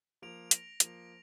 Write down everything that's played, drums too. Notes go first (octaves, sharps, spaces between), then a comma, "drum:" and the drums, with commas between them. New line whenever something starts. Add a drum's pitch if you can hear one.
F3 A#3 D7 F7
A#6, drum: hi-hat
F3 A#3 F7, drum: hi-hat